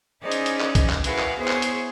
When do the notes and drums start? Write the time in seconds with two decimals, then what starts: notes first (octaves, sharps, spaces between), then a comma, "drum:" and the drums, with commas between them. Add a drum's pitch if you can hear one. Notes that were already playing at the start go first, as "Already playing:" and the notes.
0.22 C#4 D#4 E4 G#4 C5 D5
0.32 drum: hi-hat
0.46 drum: hi-hat
0.61 drum: clap
0.75 drum: kick B1, hi-hat
0.90 drum: clap
1.04 E4 F#4 G#4 A#4 B4 F5, drum: hi-hat
1.19 drum: clap
1.38 B3 E4 G#4 C5 C#5
1.48 drum: clap
1.62 drum: hi-hat